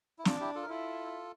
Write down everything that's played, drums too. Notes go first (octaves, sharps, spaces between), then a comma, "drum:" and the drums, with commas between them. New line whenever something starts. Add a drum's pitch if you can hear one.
E4
D4 F4, drum: snare
E4 G4
F4 A4
A#4
E4 F4 A4